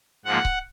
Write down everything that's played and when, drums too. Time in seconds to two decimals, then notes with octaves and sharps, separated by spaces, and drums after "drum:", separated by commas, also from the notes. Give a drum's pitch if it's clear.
0.25 G#2 F3 A#3 F#5
0.45 drum: kick C#1